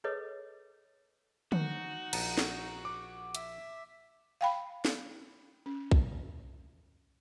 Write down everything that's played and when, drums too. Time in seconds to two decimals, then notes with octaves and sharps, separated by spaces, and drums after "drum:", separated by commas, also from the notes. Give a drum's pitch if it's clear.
0.04 G#4 A4 B4 C#5 D#5
1.52 D#4 F#4, drum: tom D3
2.13 A#1 A5 A#5, drum: cymbal
2.38 drum: snare
2.85 D6
3.35 E5, drum: hi-hat
4.41 F5 G5 B5
4.85 drum: snare
5.66 C#4
5.91 drum: kick B1